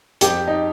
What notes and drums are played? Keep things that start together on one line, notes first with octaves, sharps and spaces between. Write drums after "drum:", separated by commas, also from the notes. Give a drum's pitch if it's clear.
F2 G4, drum: hi-hat
D#4